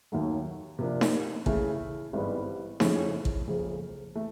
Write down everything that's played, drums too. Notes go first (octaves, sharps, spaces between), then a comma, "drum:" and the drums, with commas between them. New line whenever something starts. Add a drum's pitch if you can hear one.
D#2 D#3 F#3 A3
C3 F3 A#3 D4
drum: snare D#4
C#3 E3 A3, drum: kick
G#1 G2 E3 G3 B3
F2 C#3 E3 A3 C#4, drum: snare D#4
drum: kick
F#1 F2 C#3
E3 A3